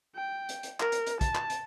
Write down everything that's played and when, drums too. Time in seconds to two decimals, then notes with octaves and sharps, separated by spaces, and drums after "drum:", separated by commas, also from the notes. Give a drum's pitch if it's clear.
0.16 G5
0.49 drum: hi-hat
0.63 drum: hi-hat
0.80 A#4, drum: clap
0.92 drum: hi-hat
1.07 drum: hi-hat
1.21 A5, drum: kick, hi-hat
1.35 drum: clap
1.50 drum: hi-hat